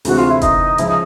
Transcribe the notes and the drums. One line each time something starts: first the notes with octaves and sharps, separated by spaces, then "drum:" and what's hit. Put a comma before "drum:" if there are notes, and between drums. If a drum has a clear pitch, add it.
D2 C3 E3 G#3 C4 F#4, drum: open hi-hat
F4
E4
D#4, drum: kick F1, hi-hat
C#2 C#3 F3 E4, drum: hi-hat
D#4